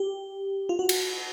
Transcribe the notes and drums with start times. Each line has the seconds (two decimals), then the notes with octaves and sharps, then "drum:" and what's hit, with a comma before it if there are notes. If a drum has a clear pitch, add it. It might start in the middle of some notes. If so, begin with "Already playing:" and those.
Already playing: G4
0.69 F4
0.79 F#4
0.89 drum: cymbal